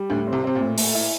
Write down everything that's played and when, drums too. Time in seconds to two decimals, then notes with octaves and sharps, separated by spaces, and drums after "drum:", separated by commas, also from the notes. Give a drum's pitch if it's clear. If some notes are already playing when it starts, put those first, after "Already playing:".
Already playing: G3
0.10 D2 A2 D3
0.27 C4
0.32 C2 C3
0.44 C3 C4
0.55 A#2
0.61 A2
0.78 A3, drum: open hi-hat
0.95 E4